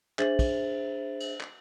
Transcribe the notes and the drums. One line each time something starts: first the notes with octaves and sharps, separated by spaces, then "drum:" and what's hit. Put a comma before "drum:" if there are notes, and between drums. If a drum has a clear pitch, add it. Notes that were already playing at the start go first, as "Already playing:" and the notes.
D4 G#4 C5 E5 A6 F#7, drum: clap
drum: kick, cymbal
drum: cymbal
drum: clap